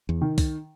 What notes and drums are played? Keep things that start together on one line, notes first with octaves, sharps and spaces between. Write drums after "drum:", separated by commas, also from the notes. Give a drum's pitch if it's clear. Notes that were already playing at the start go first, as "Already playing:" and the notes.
E2
D#3
drum: kick, open hi-hat